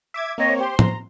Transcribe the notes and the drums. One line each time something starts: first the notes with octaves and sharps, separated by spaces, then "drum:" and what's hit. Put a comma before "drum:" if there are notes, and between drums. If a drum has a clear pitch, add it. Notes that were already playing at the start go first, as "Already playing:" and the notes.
E5 D6 G#6
A#3 C4 C#5 D#5
G4 C5 C6
A#5, drum: tom A2